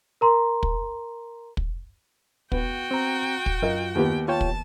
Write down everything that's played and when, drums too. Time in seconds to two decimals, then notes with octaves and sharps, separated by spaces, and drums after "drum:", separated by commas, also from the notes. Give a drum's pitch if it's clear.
0.21 A#4 A#5 C6
0.63 drum: kick
1.57 drum: kick
2.52 B3 F#4 G5, drum: kick
2.91 C4 A#5
3.46 drum: kick
3.62 F#2 F4 A#4 D#5
3.95 D#2 B3 G4
4.28 F4 C#5 G5 A5
4.41 drum: kick